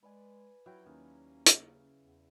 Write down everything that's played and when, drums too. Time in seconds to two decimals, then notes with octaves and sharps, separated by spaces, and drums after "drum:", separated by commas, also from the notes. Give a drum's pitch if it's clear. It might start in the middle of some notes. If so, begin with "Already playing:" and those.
0.03 G#3 B4 D5 G#5
0.66 F#3 E4 G5
0.86 D#2 D#3 A#3 C#4
1.46 C#3, drum: hi-hat
2.00 E2